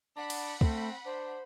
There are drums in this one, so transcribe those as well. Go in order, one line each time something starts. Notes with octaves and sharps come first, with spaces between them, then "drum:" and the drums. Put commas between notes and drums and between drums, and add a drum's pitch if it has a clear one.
D4 F#5 B5
drum: cymbal
A3 C4, drum: kick
D4 C5